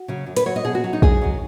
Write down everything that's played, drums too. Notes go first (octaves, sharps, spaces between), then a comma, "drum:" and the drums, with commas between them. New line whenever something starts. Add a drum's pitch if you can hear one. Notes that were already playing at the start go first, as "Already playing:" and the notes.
Already playing: F#4
C#3 F#3
F#2
B4, drum: hi-hat
F#3 C#5
D#5
B2 G#4
F#4
F#3
D#4
F#2 G#4, drum: kick
D#3 F#3